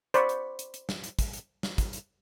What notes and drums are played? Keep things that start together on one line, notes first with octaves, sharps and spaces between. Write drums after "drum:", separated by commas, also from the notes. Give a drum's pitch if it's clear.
C5 D5 B5 C#6, drum: hi-hat
drum: hi-hat
drum: hi-hat
drum: hi-hat
drum: snare
drum: hi-hat
drum: kick, hi-hat
drum: hi-hat
drum: snare
drum: kick, hi-hat
drum: hi-hat